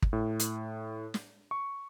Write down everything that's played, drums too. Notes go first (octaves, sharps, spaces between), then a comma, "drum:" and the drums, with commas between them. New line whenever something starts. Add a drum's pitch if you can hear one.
drum: kick
A2
drum: hi-hat
drum: snare
C#6